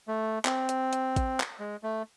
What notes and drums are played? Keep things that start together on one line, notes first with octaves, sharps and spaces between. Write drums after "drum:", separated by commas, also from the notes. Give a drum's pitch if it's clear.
A3
C4, drum: clap
drum: hi-hat
drum: hi-hat
drum: kick A1, hi-hat
drum: clap
G#3
A3